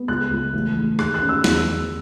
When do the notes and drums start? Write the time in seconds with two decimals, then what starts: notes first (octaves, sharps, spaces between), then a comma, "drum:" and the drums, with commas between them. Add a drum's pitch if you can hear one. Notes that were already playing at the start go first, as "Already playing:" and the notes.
Already playing: B3
0.08 C#2 F#6
0.31 C#2
0.53 A1
0.76 A1
0.99 D#2 F#6, drum: rim click
1.14 F#6
1.22 C#4
1.29 E6
1.44 E2, drum: snare
1.67 E2